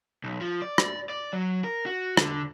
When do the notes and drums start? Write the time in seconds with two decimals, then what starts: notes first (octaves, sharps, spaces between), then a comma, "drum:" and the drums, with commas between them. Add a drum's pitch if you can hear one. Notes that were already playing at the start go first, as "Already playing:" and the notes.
0.24 B1
0.41 F3
0.62 D5
0.78 drum: rim click
1.09 D5
1.33 F#3
1.64 A#4
1.86 F#4
2.17 D3, drum: rim click